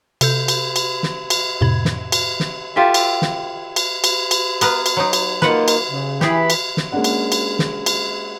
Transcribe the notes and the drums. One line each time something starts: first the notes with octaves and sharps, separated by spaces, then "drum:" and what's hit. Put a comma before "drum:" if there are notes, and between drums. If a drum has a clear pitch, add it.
C3 A4 G6, drum: cymbal
drum: cymbal
drum: cymbal
drum: snare
drum: cymbal
F2 A2 C3 B5 G#6
drum: snare
drum: cymbal
drum: snare
F4 G4 A4 E5
drum: cymbal
drum: snare
drum: cymbal
drum: cymbal
drum: cymbal
B3 A#4 B4, drum: cymbal
drum: cymbal
F#3 D#4
drum: cymbal
A#3 D#4 F4 B4 F#5, drum: snare
drum: cymbal
C#3
E3 G4 G#4 B5, drum: snare
drum: cymbal
drum: snare
G#3 A#3 C#4 D4 F#5
drum: cymbal
drum: cymbal
drum: snare
drum: cymbal